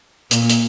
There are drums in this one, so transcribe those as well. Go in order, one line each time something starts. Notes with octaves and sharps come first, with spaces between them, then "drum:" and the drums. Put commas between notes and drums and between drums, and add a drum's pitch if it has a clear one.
A#2, drum: hi-hat
drum: hi-hat